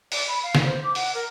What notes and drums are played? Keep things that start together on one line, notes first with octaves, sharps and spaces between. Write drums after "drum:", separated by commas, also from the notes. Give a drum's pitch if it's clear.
D5, drum: open hi-hat
B5
F5
drum: snare
C5
D6
F#5, drum: open hi-hat
A#4